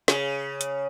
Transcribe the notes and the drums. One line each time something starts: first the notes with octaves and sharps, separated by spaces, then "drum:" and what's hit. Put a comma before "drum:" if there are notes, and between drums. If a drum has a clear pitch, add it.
C#3, drum: snare
drum: hi-hat